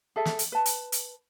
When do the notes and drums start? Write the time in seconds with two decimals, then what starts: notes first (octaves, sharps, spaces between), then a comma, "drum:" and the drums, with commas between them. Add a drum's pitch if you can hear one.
0.16 G#4 A4 E5
0.25 drum: snare
0.39 drum: hi-hat
0.52 B4 A5
0.66 drum: hi-hat
0.92 drum: hi-hat